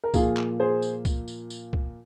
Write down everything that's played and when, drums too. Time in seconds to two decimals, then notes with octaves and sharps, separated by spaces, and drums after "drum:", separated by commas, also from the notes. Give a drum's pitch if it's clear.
0.04 A#4
0.14 A#2 F3 A#3 F4 G#4, drum: kick C2, tambourine
0.37 drum: clap
0.60 G#4 C5
0.82 drum: tambourine
1.05 drum: kick C2, tambourine
1.28 drum: tambourine
1.50 drum: tambourine
1.73 drum: kick C2